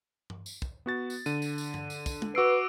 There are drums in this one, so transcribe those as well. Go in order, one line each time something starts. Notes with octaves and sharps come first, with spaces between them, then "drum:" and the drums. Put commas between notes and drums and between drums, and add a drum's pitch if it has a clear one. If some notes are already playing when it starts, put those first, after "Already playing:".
drum: tom G2
drum: tambourine
drum: kick
B3 F#4 A6
drum: tambourine
D3 D#7, drum: tambourine
drum: tambourine
drum: tambourine
drum: tom G2
drum: tambourine
drum: kick, tambourine
drum: tom
F#4 B4 D6 E6 C7 D7